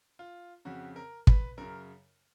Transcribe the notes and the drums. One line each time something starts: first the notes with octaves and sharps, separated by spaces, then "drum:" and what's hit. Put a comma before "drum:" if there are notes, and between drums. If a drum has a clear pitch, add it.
F4
F2 C#3 F#4
A#4
B4, drum: kick
F#2 C#3 A#4